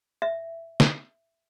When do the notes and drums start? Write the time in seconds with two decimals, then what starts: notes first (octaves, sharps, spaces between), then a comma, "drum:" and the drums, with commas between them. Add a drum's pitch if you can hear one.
0.22 E5
0.80 drum: snare